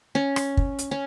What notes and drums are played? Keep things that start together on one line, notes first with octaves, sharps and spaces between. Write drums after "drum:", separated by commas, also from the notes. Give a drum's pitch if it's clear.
C#4
drum: rim click
drum: kick
drum: hi-hat
C#4